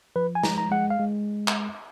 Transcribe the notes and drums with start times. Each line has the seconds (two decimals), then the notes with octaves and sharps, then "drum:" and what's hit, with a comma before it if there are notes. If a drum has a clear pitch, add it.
0.16 F3 B4
0.35 G#5
0.43 G#3 A#5, drum: snare
0.58 A#5
0.71 G#3 F#5
0.90 F5
1.00 G#3
1.48 drum: clap